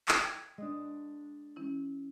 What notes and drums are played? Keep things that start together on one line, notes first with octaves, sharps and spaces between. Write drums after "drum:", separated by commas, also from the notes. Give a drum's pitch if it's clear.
drum: clap
G5 G#6
G#3 D4 D#5 D#6
E3 C#4 E4